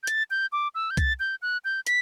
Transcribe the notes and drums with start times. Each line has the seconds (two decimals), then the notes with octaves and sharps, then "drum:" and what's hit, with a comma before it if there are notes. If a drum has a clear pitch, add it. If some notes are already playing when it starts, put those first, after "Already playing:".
0.03 G6
0.07 A6, drum: hi-hat
0.30 G6
0.52 D6
0.75 E6
0.90 G6
0.97 A6, drum: kick C2, hi-hat
1.19 G6
1.42 F#6
1.64 G6
1.87 B6, drum: hi-hat